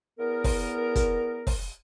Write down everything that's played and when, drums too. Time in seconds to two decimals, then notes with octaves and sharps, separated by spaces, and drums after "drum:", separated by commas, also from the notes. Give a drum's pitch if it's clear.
0.19 E2 B3 A#4
0.44 drum: kick, open hi-hat
0.95 drum: kick, hi-hat
1.47 drum: kick, open hi-hat